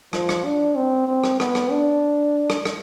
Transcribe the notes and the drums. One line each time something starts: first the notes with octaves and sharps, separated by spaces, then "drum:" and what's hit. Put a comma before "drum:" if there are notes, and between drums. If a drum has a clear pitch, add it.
F3, drum: rim click
drum: rim click
D4
C4
C4
drum: rim click
B3, drum: rim click
drum: rim click
D4
drum: rim click
drum: rim click